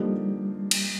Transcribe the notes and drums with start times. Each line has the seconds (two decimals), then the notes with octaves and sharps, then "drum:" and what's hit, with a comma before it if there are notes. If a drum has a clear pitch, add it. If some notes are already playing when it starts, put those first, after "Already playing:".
Already playing: D3 F3 G3 A#3 D#4 G4
0.71 drum: cymbal